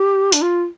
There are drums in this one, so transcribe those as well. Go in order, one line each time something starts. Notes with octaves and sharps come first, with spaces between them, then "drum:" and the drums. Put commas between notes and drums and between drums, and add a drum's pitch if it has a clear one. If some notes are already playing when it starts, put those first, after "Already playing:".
Already playing: G4
D4, drum: hi-hat
F4